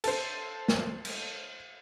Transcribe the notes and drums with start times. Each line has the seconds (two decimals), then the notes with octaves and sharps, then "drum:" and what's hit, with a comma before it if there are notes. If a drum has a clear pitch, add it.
0.04 A4 C5, drum: cymbal
0.68 drum: snare
1.05 drum: cymbal